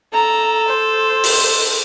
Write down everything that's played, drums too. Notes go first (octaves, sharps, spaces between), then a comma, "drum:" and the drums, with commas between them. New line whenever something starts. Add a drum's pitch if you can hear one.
A4 A#5
C5
drum: open hi-hat